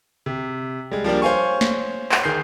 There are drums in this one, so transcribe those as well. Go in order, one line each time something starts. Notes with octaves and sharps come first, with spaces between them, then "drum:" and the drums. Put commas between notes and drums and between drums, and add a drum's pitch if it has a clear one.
C3
G3 G#3
F3 G3 A#3 D4
C5 C#5 F5 G#5 C#6
drum: snare
drum: clap
D#3 G#4 G6 C7